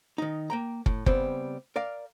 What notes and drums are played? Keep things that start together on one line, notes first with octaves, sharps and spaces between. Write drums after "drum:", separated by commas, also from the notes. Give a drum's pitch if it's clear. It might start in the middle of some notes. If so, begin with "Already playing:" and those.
D#3 D#4
A#3 G5 A#5
A2, drum: kick
C#3 G3 B3 C4, drum: kick
A#4 D5 F5